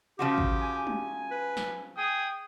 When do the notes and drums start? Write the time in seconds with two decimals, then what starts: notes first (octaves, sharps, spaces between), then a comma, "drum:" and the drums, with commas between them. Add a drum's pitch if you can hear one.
0.19 C#3 F3 F#4 G4
0.38 drum: kick A1
0.61 G#5
0.87 drum: tom G3
1.31 B4
1.57 drum: snare
1.97 G#4 G5 D#6